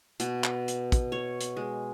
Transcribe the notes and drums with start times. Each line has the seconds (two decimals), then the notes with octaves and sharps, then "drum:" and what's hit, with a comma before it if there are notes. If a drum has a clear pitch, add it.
0.20 B2, drum: hi-hat
0.44 drum: clap
0.68 drum: hi-hat
0.92 drum: kick, hi-hat
1.12 C#5
1.41 drum: hi-hat
1.57 G#3